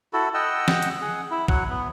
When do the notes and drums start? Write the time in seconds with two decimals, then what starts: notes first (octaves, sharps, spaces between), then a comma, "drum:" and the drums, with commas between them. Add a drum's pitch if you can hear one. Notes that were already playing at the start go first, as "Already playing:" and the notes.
0.13 E4 F#4 A4
0.34 D#5 F#5 G5 E6
0.68 drum: snare
0.83 drum: hi-hat
1.01 G#4 F#5
1.31 E4
1.48 F#3 F#5, drum: kick
1.70 B3